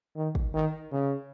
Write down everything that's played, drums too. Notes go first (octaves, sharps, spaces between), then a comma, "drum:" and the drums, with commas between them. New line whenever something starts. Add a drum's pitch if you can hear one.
D#3
drum: kick
D#3
C#3